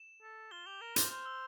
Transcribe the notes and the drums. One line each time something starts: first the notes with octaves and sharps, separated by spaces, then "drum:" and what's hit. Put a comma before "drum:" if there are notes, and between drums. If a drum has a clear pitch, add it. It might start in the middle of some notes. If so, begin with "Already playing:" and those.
Already playing: E7
A4
F4 G7
G4 F7
A#4 E7
C5 F6, drum: hi-hat
C5 F6
E6